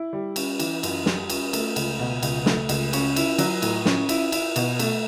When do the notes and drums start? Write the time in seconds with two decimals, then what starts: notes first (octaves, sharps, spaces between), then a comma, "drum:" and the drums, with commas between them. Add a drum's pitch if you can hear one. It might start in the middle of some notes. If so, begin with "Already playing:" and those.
Already playing: E4
0.13 G3
0.36 C#4, drum: cymbal
0.60 E3, drum: cymbal
0.83 F#2, drum: cymbal
1.06 G3, drum: snare
1.30 C#4, drum: cymbal
1.53 A3, drum: cymbal
1.76 C#2, drum: cymbal
1.99 B2
2.23 C#2, drum: cymbal
2.46 A3, drum: snare
2.69 C#2, drum: cymbal
2.93 C#4, drum: cymbal
3.16 E4, drum: cymbal
3.38 F#3, drum: cymbal
3.62 A2, drum: cymbal
3.86 C#4, drum: snare
4.09 E4, drum: cymbal
4.32 E4, drum: cymbal
4.56 B2, drum: cymbal
4.79 A3, drum: cymbal